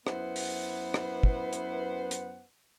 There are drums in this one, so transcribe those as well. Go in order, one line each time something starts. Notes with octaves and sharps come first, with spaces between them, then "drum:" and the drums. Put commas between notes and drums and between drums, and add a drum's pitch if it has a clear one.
F#2 B3 E4 B4 C5 F#5, drum: rim click
drum: open hi-hat
drum: rim click
drum: kick
drum: hi-hat
drum: hi-hat